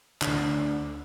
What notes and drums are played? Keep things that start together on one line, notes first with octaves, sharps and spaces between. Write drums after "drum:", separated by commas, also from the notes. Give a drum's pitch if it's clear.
D2 D3, drum: clap